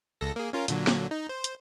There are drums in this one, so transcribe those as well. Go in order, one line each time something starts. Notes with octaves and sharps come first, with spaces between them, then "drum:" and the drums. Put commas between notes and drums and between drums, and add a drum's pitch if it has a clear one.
C#2 A4 A#6
A#3 G#4
C#4 F4 A#4
A#2 D3 F#3, drum: hi-hat
drum: snare
D#4
C5
drum: hi-hat